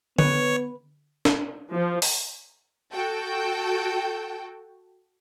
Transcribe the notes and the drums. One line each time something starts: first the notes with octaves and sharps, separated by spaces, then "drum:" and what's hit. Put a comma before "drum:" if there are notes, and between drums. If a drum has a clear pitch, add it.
B3 B4 C#5, drum: tom D3
drum: snare
F3
drum: open hi-hat
F#4 A4 G5